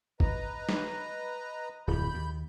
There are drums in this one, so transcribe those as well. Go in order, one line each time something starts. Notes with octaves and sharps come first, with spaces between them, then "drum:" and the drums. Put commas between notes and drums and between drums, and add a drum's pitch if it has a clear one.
B4 D#5 A#5, drum: kick G#1
drum: snare
D1 F2 B5 G6
D#2